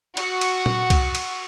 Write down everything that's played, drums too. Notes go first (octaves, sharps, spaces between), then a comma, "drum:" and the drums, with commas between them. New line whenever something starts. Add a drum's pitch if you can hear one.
F#4, drum: cymbal
drum: cymbal
drum: tom A#2
drum: kick C2, cymbal
drum: cymbal